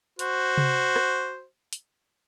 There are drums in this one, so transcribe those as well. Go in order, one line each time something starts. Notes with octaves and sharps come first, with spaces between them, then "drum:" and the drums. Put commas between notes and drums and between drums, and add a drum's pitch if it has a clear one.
F#4 C5, drum: hi-hat
drum: tom C3
drum: rim click
drum: hi-hat